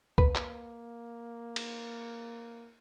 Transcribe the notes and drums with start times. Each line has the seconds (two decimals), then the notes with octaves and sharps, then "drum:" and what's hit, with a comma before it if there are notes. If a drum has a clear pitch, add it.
0.18 A#3 B4, drum: kick C2
0.35 drum: clap
1.56 drum: cymbal